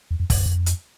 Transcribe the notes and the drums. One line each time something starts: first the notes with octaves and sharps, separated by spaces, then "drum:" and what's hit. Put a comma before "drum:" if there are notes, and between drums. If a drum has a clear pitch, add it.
E2
F2
F2, drum: kick, open hi-hat
F#2
F2
drum: hi-hat